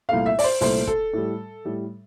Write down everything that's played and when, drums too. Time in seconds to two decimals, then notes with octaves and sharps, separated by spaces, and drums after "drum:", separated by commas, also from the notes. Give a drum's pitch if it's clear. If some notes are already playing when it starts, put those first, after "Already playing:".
0.09 C2 A#2 A3 F5
0.26 E5
0.39 D5, drum: open hi-hat
0.44 C5
0.61 C2 A#2 A3 C5, drum: open hi-hat
0.87 A4, drum: kick
1.13 A2 G3
1.65 A2 G3